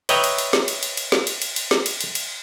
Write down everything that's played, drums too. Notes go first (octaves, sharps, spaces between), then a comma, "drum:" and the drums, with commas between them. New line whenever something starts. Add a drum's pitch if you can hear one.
B4 C#5 D#5 E5 G5 A#5, drum: cymbal
drum: cymbal
drum: cymbal
drum: snare
drum: cymbal
drum: cymbal
drum: cymbal
drum: snare
drum: cymbal
drum: cymbal
drum: cymbal
drum: snare
drum: cymbal
drum: cymbal
drum: cymbal